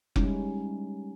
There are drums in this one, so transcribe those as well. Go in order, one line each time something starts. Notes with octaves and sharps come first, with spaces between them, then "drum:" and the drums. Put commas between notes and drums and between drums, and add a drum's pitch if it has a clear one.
G3 G#3 C#4 D#4 E4, drum: kick F1